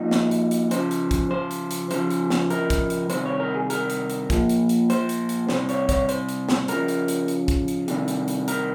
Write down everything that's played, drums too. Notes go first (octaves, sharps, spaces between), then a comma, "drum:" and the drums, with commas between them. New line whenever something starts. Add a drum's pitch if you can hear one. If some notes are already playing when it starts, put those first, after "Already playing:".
Already playing: A#2 F3 D#4
drum: snare
drum: hi-hat
drum: hi-hat
C#3 F3 C5, drum: hi-hat
drum: hi-hat
drum: kick, hi-hat
C5
drum: hi-hat
drum: hi-hat
C#3 F3 C5, drum: hi-hat
drum: hi-hat
drum: snare
A#4, drum: hi-hat
drum: kick, hi-hat
drum: hi-hat
C3 D#3 G3 C5, drum: hi-hat
C#5
A#4
G#4
A#4, drum: hi-hat
drum: hi-hat
drum: hi-hat
A#2 F3, drum: kick, hi-hat
drum: hi-hat
drum: hi-hat
C5, drum: hi-hat
drum: hi-hat
drum: hi-hat
C3 G3 C5, drum: snare
C#5, drum: hi-hat
C#5, drum: kick, hi-hat
C5, drum: hi-hat
drum: hi-hat
drum: snare
C#3 F3 A#4, drum: hi-hat
drum: hi-hat
drum: hi-hat
drum: hi-hat
drum: kick, hi-hat
drum: hi-hat
C3 D#3 G3, drum: hi-hat
drum: hi-hat
drum: hi-hat
A#4, drum: hi-hat